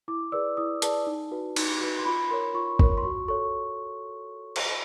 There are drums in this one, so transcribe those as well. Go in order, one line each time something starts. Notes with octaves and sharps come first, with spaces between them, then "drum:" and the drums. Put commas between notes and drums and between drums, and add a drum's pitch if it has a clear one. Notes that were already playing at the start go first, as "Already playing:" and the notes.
E4 D6
G#4 B4 D5 E6
E4 D#6
G#4 B4 D5 A5, drum: hi-hat
D#4
F#4 B4
D#4, drum: cymbal
F#4 B4
C6
F4 B5
A#4 C#5 C6
F4 C#6
A#4 C#5, drum: kick
C6
F#4 C#6
A4 C#5 C#6
drum: cymbal